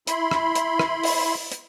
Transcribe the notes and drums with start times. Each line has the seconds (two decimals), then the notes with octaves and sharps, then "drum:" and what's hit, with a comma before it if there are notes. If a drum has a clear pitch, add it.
0.07 E4 B5 C6, drum: hi-hat
0.31 drum: rim click
0.55 drum: hi-hat
0.79 drum: rim click
1.04 drum: open hi-hat
1.52 drum: hi-hat